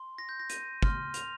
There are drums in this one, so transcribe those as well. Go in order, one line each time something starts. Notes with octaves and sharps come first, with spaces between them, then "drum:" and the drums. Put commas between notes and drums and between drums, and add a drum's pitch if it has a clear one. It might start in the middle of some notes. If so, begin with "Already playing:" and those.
Already playing: C6
A#6
G6
A#6
D#7, drum: hi-hat
C6 F6, drum: kick
F7, drum: hi-hat